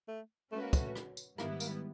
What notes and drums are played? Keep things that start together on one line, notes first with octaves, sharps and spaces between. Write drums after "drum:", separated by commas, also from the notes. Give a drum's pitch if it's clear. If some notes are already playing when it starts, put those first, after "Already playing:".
A3
G#3 A3 C#4 F#4 B4
A#3
A3, drum: kick, tambourine
drum: rim click
drum: tambourine
G#2 D#3 G3 A#3 B3 E4, drum: rim click
A#3, drum: tambourine